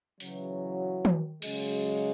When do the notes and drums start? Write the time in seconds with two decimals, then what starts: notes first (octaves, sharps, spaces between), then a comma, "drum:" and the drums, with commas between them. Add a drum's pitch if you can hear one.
0.20 C#3 E3 F#3, drum: open hi-hat
1.05 drum: tom
1.42 C#3 F#3 G#3, drum: cymbal